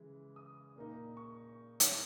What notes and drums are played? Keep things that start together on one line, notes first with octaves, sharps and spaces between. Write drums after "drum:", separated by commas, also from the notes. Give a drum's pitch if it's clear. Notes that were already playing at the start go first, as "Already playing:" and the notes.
Already playing: C#3 E3 G#3
D#6
A#2 A#3 D#4
C#6
drum: hi-hat